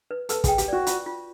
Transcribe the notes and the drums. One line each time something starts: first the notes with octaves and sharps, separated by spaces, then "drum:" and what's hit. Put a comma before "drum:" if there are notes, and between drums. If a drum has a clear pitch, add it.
B4
A4 B4, drum: hi-hat
G#4, drum: kick, hi-hat
G5
G4, drum: hi-hat
F#4 D5
F4, drum: hi-hat
F4